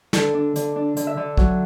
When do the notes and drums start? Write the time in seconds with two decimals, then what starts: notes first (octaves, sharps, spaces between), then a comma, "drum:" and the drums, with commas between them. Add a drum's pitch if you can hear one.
0.13 D3 A4, drum: snare
0.34 D4
0.56 D3, drum: hi-hat
0.76 D4
0.97 D3, drum: hi-hat
1.07 E5
1.17 D3
1.37 F#3, drum: kick